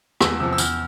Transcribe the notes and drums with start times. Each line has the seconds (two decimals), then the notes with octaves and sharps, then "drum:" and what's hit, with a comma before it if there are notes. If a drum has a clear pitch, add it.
0.21 E2 E6, drum: rim click
0.40 C3 F3 E6
0.53 E6
0.58 E2 F6, drum: tambourine